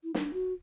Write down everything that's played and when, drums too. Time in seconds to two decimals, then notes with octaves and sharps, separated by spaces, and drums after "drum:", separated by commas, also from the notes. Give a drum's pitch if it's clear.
0.04 E4
0.14 D4, drum: snare
0.33 F#4